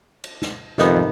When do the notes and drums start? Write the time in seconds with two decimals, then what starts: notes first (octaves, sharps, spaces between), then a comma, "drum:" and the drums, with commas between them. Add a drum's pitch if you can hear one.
0.24 drum: cymbal
0.42 drum: snare
0.78 F2 C3 D#3 B3, drum: snare
0.96 drum: tom